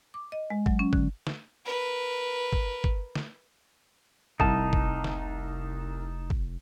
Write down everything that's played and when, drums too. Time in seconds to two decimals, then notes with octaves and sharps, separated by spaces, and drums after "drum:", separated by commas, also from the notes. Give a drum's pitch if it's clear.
0.14 D6
0.32 D#5
0.50 G#3
0.66 F#3, drum: kick
0.79 C#4
0.93 D3, drum: kick
1.27 drum: snare
1.65 A#4 B4
2.53 drum: kick
2.84 drum: kick
3.15 drum: snare
4.40 F1 C2 D#4 A5, drum: kick
4.73 drum: kick
5.04 drum: snare
6.30 drum: kick